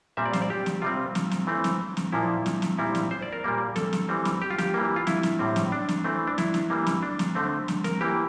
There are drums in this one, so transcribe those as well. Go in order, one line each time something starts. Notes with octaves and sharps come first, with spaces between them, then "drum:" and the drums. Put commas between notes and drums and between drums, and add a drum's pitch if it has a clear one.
A#2 G3 C4 E5
D5
C5, drum: snare
D5
G4
drum: snare
C3 G3 C4 F4
drum: snare
drum: snare
E3 A3 C4
drum: snare
drum: snare
A#2 F3 A#3 E4
drum: snare
drum: snare
A#2 G3 C4 E4
drum: snare
C5
D5
A#4
A#2 G3 A#3
A4, drum: snare
drum: snare
E3 G3 C4
drum: snare
G4
F4
G4, drum: snare
E3 G3 A#3
F4
E4, drum: snare
drum: snare
A2 G3 C4
drum: snare
D4
drum: snare
E3 A3 C4
D4
E4, drum: snare
drum: snare
E3 G3 A#3
drum: snare
D4
drum: snare
D3 A3 C4
drum: snare
A#4, drum: snare
E3 A#3 G4